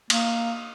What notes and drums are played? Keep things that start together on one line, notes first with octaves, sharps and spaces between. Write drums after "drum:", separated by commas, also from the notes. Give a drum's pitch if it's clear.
A#3, drum: cymbal